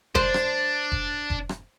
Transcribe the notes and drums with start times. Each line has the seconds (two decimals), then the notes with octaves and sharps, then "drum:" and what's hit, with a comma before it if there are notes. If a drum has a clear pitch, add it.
0.15 D4 C5, drum: kick F1
0.34 drum: rim click
0.92 drum: kick F1
1.30 drum: kick F1
1.49 drum: rim click